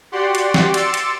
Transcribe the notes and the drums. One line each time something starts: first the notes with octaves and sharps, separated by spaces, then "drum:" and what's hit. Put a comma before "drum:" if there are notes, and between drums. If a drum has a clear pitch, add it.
F#4 G4 D5 F#5 C6
drum: cymbal
drum: snare
C6 D6 E6 A6 C#7, drum: cymbal
drum: cymbal